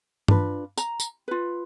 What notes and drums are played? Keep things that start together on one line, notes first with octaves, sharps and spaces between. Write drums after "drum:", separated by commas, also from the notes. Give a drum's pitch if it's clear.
D4 F4 B4, drum: tom G2
A#5, drum: tambourine
drum: tambourine
F4 B4